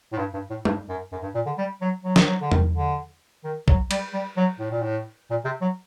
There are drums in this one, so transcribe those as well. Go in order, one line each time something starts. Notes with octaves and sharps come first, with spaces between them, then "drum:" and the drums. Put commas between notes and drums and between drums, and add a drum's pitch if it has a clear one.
A2
G2
G2
A2
G2, drum: tom G3
F#2
F#2
G2
A#2
D3
G3
F#3
F#3
D#3, drum: snare
F#3
D3
D#3, drum: tom E2
D3
D#3
F#3, drum: kick B1
G3, drum: cymbal
G3
F#3
A2
A#2
A2
A#2
C3
F#3